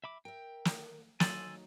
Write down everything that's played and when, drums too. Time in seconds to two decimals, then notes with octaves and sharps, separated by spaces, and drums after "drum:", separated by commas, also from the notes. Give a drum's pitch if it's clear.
0.04 E5 B5 D6
0.25 A#4 E5 G5
0.65 drum: snare
1.20 F#3 D#4 G#5 C6 E6 A6 F#7, drum: snare